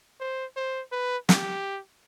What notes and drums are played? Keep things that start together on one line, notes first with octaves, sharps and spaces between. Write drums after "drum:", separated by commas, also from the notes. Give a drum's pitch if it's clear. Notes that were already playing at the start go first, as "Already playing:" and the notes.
C5
C5
B4
G4, drum: snare